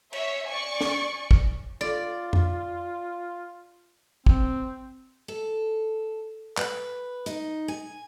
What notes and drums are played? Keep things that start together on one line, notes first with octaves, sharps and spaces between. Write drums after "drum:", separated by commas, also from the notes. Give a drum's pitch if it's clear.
C#5 E5, drum: cymbal
D5 G#5 C#6
drum: snare
drum: kick
F4 D5
drum: tom F2
C4, drum: kick
A4
B4, drum: clap
D#4, drum: hi-hat
G#5